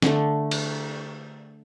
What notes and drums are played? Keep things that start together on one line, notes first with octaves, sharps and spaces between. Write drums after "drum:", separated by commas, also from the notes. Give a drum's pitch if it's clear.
D3 A3, drum: snare
drum: cymbal